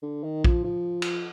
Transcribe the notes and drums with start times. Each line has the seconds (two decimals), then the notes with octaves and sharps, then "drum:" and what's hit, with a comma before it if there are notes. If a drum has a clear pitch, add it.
0.02 D3
0.24 D#3
0.44 F3, drum: kick
0.64 F3
1.02 drum: cymbal